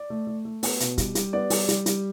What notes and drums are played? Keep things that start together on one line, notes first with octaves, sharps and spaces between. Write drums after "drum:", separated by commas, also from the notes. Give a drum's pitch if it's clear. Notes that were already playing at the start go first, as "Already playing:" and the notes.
Already playing: D5
A3
A3
A3
B3, drum: open hi-hat
B2, drum: hi-hat
G3, drum: kick, hi-hat
G3, drum: hi-hat
B3 D5
G3, drum: open hi-hat
G3, drum: hi-hat
G3, drum: hi-hat